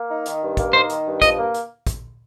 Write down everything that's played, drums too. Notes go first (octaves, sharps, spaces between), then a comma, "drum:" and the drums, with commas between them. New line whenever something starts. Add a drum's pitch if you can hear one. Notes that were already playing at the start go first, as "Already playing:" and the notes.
Already playing: A#3
D#4
D#3, drum: hi-hat
G2
A#3, drum: kick, hi-hat
D#4 C5
D#3, drum: hi-hat
G2
F3 D#5, drum: kick, hi-hat
A#3
drum: hi-hat
drum: kick, hi-hat